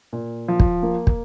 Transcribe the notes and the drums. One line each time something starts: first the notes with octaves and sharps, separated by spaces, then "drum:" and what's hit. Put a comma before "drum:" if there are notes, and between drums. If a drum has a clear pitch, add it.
A#2
F3
drum: kick
A#3
drum: kick